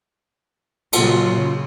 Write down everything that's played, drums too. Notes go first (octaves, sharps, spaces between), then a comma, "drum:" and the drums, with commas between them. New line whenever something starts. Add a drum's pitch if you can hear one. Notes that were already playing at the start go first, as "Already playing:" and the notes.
A#2 C#3 F#3 F4, drum: cymbal
C#3